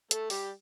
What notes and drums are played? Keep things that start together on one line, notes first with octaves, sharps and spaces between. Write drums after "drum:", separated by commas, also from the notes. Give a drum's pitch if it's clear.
A3 A4, drum: hi-hat
G3 G4, drum: open hi-hat